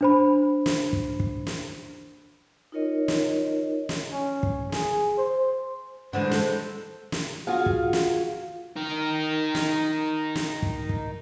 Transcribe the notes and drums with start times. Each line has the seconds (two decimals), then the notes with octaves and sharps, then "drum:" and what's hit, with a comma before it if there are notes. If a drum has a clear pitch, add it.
0.01 D4 C5 B5
0.66 drum: snare
0.93 drum: kick
1.20 drum: kick
1.47 drum: snare
2.72 D#4 F4 A#4 C#5 D#5
3.08 drum: snare
3.89 drum: snare
4.12 C#4
4.43 drum: kick
4.72 G#4, drum: snare
5.18 C5
6.13 D3 E3 G#3 C5
6.31 A4, drum: snare
7.12 drum: snare
7.47 F4 F#4 G#4 F5
7.66 drum: kick
7.93 drum: snare
8.76 D#4 A#4
9.55 drum: snare
10.35 drum: snare
10.62 drum: kick
10.89 drum: kick